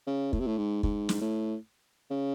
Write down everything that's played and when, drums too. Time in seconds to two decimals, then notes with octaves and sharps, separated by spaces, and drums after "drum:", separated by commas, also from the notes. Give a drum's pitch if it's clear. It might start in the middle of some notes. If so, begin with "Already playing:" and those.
0.07 C#3
0.33 A2, drum: kick
0.40 C3
0.47 A2
0.57 G#2
0.83 G#2, drum: kick
1.09 drum: snare
1.21 A2
2.11 C#3